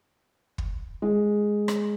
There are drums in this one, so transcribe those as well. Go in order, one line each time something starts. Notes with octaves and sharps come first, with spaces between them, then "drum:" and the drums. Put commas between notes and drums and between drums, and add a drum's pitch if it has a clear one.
drum: kick
G#3
drum: rim click